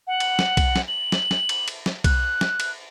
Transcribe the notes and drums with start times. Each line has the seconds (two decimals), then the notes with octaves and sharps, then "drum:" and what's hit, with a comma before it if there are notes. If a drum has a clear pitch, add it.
0.07 F#5
0.20 drum: cymbal
0.39 drum: snare
0.57 drum: kick B1, cymbal
0.76 drum: snare
0.88 F#7
1.12 drum: snare
1.31 drum: snare
1.49 drum: cymbal
1.68 drum: cymbal
1.86 drum: snare
2.04 F#6, drum: kick B1, cymbal
2.41 drum: snare
2.60 drum: cymbal